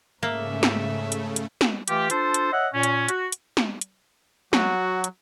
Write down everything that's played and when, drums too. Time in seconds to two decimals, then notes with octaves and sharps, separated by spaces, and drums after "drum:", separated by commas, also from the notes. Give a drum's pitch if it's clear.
0.23 G#2 C#3 A3 A#3 E5
0.63 drum: snare
1.12 drum: hi-hat
1.36 drum: hi-hat
1.61 drum: snare
1.88 E3 A3 F4 G4, drum: hi-hat
2.10 D4 F4 A4 C5, drum: hi-hat
2.34 drum: hi-hat
2.52 C#5 D#5 E5 F#5
2.73 A#2 C#4
2.83 drum: hi-hat
3.09 F#4, drum: hi-hat
3.32 drum: hi-hat
3.57 drum: snare
3.81 drum: hi-hat
4.53 F#3 F#4, drum: snare
5.04 drum: hi-hat